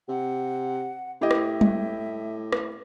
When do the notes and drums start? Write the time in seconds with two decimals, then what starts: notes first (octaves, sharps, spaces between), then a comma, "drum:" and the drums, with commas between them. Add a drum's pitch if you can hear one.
0.09 C3 F#5
1.21 A2 E4 G4 D#5 E5
1.31 drum: rim click
1.61 drum: tom
2.52 drum: rim click